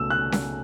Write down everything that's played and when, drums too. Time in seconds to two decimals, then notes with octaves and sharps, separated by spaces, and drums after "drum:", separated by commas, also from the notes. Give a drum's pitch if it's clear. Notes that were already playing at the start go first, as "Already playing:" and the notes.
Already playing: C#2 B2 A3 E6
0.10 F#6
0.32 drum: snare C#4